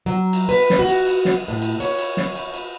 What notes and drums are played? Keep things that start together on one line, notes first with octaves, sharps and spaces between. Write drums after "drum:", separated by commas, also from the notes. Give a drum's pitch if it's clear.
F#3
drum: cymbal
B4, drum: cymbal
drum: snare
F#4
drum: cymbal
drum: cymbal
drum: snare
A2
drum: cymbal
C#5, drum: cymbal
drum: cymbal
drum: snare
drum: cymbal
drum: cymbal